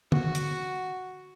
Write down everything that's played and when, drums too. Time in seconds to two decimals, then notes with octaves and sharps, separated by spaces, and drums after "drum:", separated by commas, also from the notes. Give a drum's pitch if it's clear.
0.12 F#4, drum: tom
0.35 drum: hi-hat